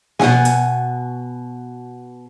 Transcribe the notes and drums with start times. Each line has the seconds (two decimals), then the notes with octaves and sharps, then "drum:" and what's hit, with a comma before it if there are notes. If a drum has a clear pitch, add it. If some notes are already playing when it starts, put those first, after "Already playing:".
0.19 B2 F#5 G#5, drum: snare
0.45 drum: hi-hat